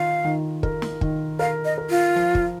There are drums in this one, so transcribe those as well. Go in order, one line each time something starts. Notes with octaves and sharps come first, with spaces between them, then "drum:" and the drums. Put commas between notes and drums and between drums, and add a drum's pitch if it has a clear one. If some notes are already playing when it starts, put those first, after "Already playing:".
Already playing: D#3 F4 F5
D#3
A#4, drum: kick
drum: snare
D#3, drum: kick
A#4 F5
D#5
A#4
F4
F3
drum: kick